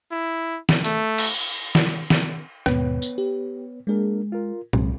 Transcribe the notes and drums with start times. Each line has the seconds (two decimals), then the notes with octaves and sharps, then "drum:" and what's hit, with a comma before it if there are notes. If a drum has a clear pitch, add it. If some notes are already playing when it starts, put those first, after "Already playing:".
0.12 E4
0.69 drum: snare
0.84 A3, drum: hi-hat
1.18 drum: cymbal
1.75 drum: snare
2.10 drum: snare
2.66 D#2 G#2 B2 B3 B4 C#5, drum: rim click
3.02 drum: tambourine
3.18 G4
3.87 G#3 A#3 D4 G#4 A#4
4.32 F4 A#4
4.73 C2 G#2 F#3 G#3, drum: tom